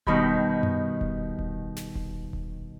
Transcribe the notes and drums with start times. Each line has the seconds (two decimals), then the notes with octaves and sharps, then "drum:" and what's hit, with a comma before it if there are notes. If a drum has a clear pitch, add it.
0.07 B2 D#3 G3 B5 G6, drum: kick D#1
0.63 drum: tom F#2
1.01 drum: kick D#1
1.39 drum: kick D#1
1.77 drum: snare
1.95 drum: kick D#1
2.33 drum: kick D#1